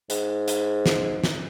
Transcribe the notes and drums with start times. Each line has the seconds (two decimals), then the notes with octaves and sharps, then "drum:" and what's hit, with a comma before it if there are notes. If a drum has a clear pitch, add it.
0.10 G#2, drum: hi-hat
0.48 drum: hi-hat
0.86 drum: snare
1.24 drum: snare